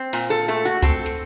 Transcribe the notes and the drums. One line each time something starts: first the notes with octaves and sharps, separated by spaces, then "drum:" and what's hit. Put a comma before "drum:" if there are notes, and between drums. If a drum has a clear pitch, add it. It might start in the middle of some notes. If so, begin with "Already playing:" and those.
Already playing: C4
A#2, drum: open hi-hat
A4
A3 A4
F#4
C4 A4, drum: kick C#2, hi-hat
drum: hi-hat